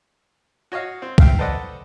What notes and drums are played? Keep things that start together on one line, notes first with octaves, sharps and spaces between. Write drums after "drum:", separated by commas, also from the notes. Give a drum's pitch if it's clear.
F#4 C#5 D#5 F5
C4
E5 F5 G5, drum: kick
A4 B4 C5 D5 D#5 F#5